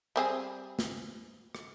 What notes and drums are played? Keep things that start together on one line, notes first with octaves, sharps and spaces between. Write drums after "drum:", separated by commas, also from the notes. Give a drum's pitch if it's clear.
G3 C4 G#4
drum: snare
drum: rim click